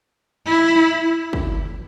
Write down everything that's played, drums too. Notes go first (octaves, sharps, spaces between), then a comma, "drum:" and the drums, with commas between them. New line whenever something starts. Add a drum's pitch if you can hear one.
E4
drum: kick